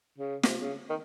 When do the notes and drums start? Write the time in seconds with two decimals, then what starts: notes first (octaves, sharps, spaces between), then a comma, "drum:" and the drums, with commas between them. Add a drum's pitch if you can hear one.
0.18 C#3
0.43 C3, drum: snare
0.61 C#3
0.90 D#3